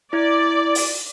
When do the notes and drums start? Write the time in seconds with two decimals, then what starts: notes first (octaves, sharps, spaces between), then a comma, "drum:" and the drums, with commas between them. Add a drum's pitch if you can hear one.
0.13 E4 D5 G#6
0.75 drum: open hi-hat